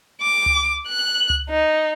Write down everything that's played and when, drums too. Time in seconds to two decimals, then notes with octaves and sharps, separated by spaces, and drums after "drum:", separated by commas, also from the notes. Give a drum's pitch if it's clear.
0.22 D6
0.46 drum: tom C#2
0.88 F#6
1.30 drum: tom C#2
1.50 D#4